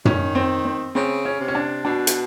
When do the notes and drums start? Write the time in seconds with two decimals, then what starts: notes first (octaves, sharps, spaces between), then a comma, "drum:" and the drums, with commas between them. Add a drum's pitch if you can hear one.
0.05 D#3 C#4, drum: tom
0.35 C4
0.65 C4
0.95 C#3 C4
1.25 C#4
1.40 C3
1.48 C#4
1.55 D4
1.85 B2 D4
2.07 drum: hi-hat